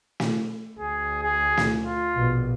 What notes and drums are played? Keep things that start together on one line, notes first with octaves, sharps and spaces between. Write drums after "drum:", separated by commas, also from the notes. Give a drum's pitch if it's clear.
drum: snare
D2 G#4
G#4
drum: snare
F4
A#1 B2